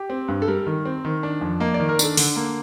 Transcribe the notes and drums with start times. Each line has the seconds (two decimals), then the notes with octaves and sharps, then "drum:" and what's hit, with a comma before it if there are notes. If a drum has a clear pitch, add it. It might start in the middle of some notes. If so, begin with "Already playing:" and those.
Already playing: G4
0.10 C4
0.28 G2
0.42 A4
0.48 G3 A#4
0.66 D#3
0.85 C4
1.05 D#3
1.23 D4
1.41 F2
1.60 A#3 D#5
1.74 D5
1.80 D#3
1.89 A#4
1.99 D4 A4, drum: tambourine
2.17 D3, drum: open hi-hat
2.36 A#3